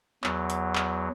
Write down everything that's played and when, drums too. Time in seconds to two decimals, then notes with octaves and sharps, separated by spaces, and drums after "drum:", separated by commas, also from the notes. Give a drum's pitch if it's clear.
0.24 E2 F#3, drum: clap
0.50 drum: hi-hat
0.75 drum: clap